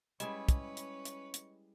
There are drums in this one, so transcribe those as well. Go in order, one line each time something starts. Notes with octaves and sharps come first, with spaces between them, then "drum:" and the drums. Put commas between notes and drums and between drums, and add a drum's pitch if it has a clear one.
G3 G#3 C#4 E4 B4 C#5 D#5, drum: hi-hat
drum: kick, hi-hat
drum: hi-hat
drum: hi-hat
drum: hi-hat